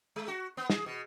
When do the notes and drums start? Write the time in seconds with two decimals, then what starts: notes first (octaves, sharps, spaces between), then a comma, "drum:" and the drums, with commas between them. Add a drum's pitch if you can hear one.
0.16 G#3
0.28 F#4
0.57 B3
0.70 G#4, drum: snare
0.86 B2